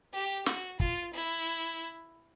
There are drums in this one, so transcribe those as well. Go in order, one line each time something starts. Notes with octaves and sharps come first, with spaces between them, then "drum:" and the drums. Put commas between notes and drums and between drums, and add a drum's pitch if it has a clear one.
G4
F#4, drum: snare
F4, drum: kick
E4